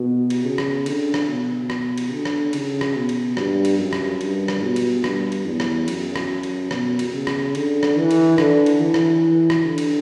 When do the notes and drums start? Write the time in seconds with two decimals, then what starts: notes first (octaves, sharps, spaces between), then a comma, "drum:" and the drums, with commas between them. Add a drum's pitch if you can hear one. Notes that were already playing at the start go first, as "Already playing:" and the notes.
Already playing: B2
0.30 drum: cymbal
0.44 C#3
0.58 drum: rim click
0.86 D3, drum: cymbal
1.14 drum: rim click
1.28 B2
1.70 drum: rim click
1.98 drum: cymbal
2.11 D3
2.25 drum: rim click
2.53 C#3, drum: cymbal
2.81 drum: rim click
2.95 B2
3.09 drum: cymbal
3.37 G2, drum: rim click
3.65 drum: cymbal
3.79 F#2
3.93 drum: rim click
4.21 G2, drum: cymbal
4.48 drum: rim click
4.62 B2
4.76 drum: cymbal
5.04 G2, drum: rim click
5.32 drum: cymbal
5.46 E2
5.60 drum: rim click
5.88 F#2, drum: cymbal
6.16 drum: rim click
6.43 drum: cymbal
6.71 B2, drum: rim click
6.99 drum: cymbal
7.13 C#3
7.27 drum: rim click
7.55 D3, drum: cymbal
7.83 drum: rim click
7.97 E3
8.11 drum: cymbal
8.38 D3, drum: rim click
8.66 drum: cymbal
8.80 E3
8.94 drum: rim click
9.50 drum: rim click
9.64 D3
9.78 drum: cymbal